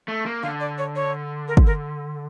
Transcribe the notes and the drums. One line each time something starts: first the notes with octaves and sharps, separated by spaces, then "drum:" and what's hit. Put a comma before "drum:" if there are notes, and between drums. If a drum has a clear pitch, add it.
A3
A#3
D3 F5
D5
C#5
C#5
A#4
drum: kick
A#4